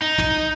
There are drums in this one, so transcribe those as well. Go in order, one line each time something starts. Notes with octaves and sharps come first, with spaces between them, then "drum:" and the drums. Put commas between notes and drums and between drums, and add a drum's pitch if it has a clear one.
D#4
drum: snare